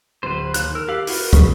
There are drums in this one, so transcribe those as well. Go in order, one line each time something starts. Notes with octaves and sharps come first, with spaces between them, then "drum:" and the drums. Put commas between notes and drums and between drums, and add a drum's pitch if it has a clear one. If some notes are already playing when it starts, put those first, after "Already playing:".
D1 B4 C5
D#2 F#6, drum: hi-hat
A#4 E6
G4 F5 F#6 C7 F#7
E4 F#4 A#4 B4, drum: open hi-hat
G#4 C5 C#6, drum: kick, hi-hat